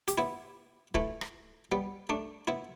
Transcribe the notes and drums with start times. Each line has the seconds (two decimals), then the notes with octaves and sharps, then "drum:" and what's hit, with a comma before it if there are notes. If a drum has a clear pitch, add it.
0.08 G4, drum: hi-hat
0.18 B3 E4
0.95 E3 A3, drum: kick
1.21 drum: rim click
1.72 G3 B3
2.09 A3 D4
2.47 B3 E4